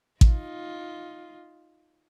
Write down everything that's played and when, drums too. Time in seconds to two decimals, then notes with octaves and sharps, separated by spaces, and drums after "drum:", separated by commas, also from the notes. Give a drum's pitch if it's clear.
0.21 D#4 F4, drum: kick A1